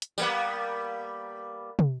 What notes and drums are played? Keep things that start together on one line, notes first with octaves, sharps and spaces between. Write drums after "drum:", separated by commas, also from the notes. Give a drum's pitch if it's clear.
drum: hi-hat
G3 A#3 B3, drum: tambourine
drum: tom